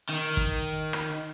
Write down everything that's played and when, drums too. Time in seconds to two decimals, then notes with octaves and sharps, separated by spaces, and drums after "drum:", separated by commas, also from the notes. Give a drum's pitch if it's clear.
0.09 D#3
0.37 drum: kick
0.93 drum: rim click